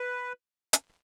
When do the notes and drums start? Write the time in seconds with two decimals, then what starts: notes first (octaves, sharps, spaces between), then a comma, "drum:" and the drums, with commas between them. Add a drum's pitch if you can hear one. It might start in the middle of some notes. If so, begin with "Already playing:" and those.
Already playing: B4
0.73 drum: hi-hat